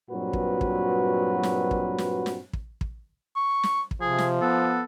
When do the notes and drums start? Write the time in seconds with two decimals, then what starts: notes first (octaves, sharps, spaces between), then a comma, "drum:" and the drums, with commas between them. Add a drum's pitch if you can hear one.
0.11 G2 A#2 F#3 C4 F#4 B4
0.33 drum: kick
0.61 drum: kick
1.43 drum: snare
1.71 drum: kick
1.98 drum: snare
2.26 drum: snare
2.53 drum: kick
2.81 drum: kick
3.36 C#6
3.63 drum: snare
3.91 drum: kick
4.01 C3 F3 G#4
4.18 drum: snare
4.41 B3 A4